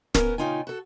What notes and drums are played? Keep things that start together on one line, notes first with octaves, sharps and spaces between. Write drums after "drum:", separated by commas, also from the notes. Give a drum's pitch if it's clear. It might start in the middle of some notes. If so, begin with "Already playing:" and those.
B3 C#4 A#4, drum: snare
A#2 C#3 D#4 F4 G5 G#5
F#4 A4